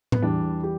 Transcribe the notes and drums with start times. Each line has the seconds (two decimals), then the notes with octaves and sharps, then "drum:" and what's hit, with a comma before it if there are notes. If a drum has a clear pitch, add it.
0.12 B3, drum: tom A2
0.22 E2 E3 G3 D4
0.63 G4